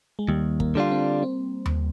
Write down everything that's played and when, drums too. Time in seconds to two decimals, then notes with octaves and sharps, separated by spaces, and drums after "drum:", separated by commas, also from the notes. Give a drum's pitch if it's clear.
0.19 G#3
0.29 D#2 G3
0.60 A#3, drum: kick
0.75 D3 G3 D4 F4
0.92 C4
1.23 C4
1.66 drum: tom D#2